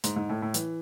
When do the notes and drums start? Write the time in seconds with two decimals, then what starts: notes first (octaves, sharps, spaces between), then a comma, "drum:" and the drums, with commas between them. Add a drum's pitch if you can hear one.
0.04 G#2, drum: hi-hat
0.16 G#2
0.29 A2
0.42 A2
0.54 E3, drum: hi-hat